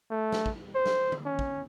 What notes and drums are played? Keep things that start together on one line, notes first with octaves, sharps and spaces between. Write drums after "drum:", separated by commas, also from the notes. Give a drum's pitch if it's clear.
A3
drum: snare
drum: kick
C5
drum: snare
drum: tom D3
C#4
drum: kick